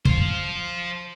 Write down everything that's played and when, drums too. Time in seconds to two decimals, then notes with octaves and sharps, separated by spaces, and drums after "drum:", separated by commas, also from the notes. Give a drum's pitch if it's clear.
0.05 C5 F5, drum: kick